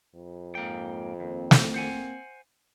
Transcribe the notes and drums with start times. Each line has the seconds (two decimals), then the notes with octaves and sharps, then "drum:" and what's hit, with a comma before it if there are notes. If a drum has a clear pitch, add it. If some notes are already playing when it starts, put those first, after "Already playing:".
0.15 F2
0.55 G#2 A#3 G5
1.20 D#2 A#3 C4
1.51 drum: snare
1.74 C5 F#5 G#5